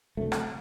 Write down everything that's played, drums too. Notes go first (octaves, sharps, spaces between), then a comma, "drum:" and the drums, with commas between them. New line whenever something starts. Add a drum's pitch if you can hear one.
D2 C3 A3
drum: rim click